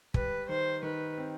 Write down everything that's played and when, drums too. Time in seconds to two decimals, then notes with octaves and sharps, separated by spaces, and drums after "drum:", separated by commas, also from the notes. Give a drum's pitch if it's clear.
0.14 G3 B4, drum: kick
0.48 D#3 C5
0.83 D#3 B4
1.17 C4